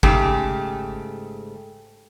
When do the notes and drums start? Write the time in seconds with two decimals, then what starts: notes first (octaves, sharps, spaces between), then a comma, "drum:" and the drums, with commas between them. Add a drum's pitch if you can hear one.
0.03 G#2 C#3 A3 G4, drum: kick G1